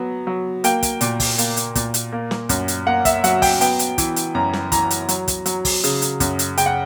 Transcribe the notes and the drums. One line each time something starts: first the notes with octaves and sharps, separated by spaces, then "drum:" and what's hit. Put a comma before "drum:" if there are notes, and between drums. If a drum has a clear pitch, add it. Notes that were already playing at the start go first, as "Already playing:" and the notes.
Already playing: F#3 B3
F#3
A#3 G5, drum: hi-hat
drum: kick, hi-hat
A#2, drum: hi-hat
drum: kick, open hi-hat
A#3, drum: hi-hat
drum: hi-hat
A#2, drum: kick, hi-hat
drum: hi-hat
A#3
drum: snare
F#2, drum: kick, hi-hat
drum: hi-hat
A#3 F#5
E5, drum: kick, hi-hat
F#3 F#5, drum: hi-hat
G5, drum: kick, open hi-hat
B3 G5, drum: hi-hat
drum: hi-hat
E3, drum: kick, hi-hat
drum: hi-hat
F#2 A#5
drum: snare
E3 A#5, drum: kick, hi-hat
drum: hi-hat
F#3, drum: hi-hat
drum: kick, hi-hat
F#3, drum: hi-hat
drum: kick, open hi-hat
C#3, drum: hi-hat
drum: hi-hat
F#2, drum: kick, hi-hat
drum: hi-hat
C#3 G5, drum: hi-hat
F#5